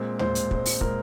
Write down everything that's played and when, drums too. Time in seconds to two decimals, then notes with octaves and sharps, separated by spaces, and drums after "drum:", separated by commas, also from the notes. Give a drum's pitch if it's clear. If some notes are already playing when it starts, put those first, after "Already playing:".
Already playing: A#2 G#3 C4
0.19 A#2 G#3 C4 C5, drum: tom
0.35 drum: hi-hat
0.51 A#2 G#3 C4, drum: kick
0.66 drum: open hi-hat
0.81 A#2 G#3 C4 A#4, drum: kick